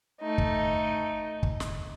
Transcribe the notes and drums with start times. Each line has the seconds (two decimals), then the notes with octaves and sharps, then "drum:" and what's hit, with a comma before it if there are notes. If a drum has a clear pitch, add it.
0.21 A3 D#4
0.38 drum: kick
1.43 drum: kick
1.60 drum: snare